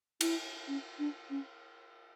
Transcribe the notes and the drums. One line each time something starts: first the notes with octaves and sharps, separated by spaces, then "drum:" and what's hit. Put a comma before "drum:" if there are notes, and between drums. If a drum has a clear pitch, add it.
E4, drum: cymbal
C#4
D4
C#4